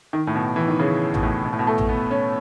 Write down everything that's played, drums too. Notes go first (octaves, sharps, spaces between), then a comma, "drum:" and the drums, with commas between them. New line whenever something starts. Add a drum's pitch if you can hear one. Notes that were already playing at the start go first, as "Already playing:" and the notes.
D#3
A2
B2
E3
D#3
C#3
B2, drum: tom A1
A2
B2
A2
B2
A3
drum: tom A1
B3
C#4